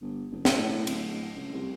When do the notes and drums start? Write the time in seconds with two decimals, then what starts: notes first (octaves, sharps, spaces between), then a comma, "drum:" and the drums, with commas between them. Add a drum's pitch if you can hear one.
0.01 G1
0.32 F#1
0.45 drum: snare
0.56 A2
0.87 D1, drum: cymbal
1.36 C#2
1.53 C2